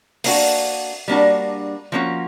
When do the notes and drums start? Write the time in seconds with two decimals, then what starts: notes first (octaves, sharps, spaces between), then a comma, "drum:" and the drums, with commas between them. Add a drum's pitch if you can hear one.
0.24 A#3 D4 F#4, drum: open hi-hat
1.08 G3 A#3 D4 F#4
1.92 F3 A#3 C#4 F#4